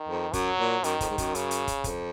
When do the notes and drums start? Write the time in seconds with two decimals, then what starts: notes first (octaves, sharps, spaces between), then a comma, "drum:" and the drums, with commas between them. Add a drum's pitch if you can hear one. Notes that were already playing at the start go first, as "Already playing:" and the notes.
Already playing: D#3
0.08 F2
0.33 F#2 F#3, drum: kick, hi-hat
0.59 A#2
0.84 F#2 D#3, drum: hi-hat
1.01 F2, drum: kick, hi-hat
1.10 G#2
1.18 F#2, drum: kick, hi-hat
1.35 C#3, drum: hi-hat
1.51 drum: hi-hat
1.67 drum: kick, hi-hat
1.84 F2, drum: kick, hi-hat